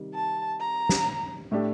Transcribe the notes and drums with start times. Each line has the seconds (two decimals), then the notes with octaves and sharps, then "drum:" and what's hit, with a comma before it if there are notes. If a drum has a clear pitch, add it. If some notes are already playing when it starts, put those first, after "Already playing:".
Already playing: C3 D#3 G3
0.15 A5
0.60 A#5
0.89 drum: snare
1.51 A2 A3 D4 G4